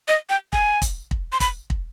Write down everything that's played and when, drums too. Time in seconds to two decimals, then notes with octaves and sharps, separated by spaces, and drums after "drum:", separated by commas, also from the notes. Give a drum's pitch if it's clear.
0.08 D#5
0.30 G5
0.53 G#5, drum: kick
0.82 drum: kick, hi-hat
1.11 drum: kick
1.32 C6
1.40 B5, drum: kick, hi-hat
1.70 drum: kick